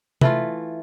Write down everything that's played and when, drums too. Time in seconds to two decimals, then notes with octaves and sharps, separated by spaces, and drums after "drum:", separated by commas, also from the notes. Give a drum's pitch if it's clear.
0.21 E3 A3 F4, drum: tom C3